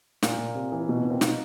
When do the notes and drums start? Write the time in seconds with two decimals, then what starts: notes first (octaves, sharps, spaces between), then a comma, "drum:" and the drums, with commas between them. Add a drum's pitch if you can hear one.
0.23 A#2 A#3, drum: snare
0.38 A#2
0.55 C3
0.72 E3
0.88 B2 B3
0.99 B3
1.05 B2
1.10 A#3 C4
1.21 B2 D#4 F4, drum: snare